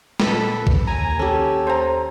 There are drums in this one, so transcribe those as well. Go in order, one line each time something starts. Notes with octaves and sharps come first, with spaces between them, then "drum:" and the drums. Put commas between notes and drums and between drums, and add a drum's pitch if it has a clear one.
A#2 A4 B4 B6, drum: snare
drum: kick
D#2 G#5 A#5
C#4 G4 A4
C5 A#5